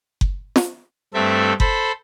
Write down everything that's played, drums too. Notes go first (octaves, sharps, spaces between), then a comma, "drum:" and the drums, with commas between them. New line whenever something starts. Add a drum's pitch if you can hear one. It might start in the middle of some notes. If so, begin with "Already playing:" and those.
drum: kick F#1
drum: snare
G2 A3 C4 A4 E5
A4 C5 B5, drum: kick F#1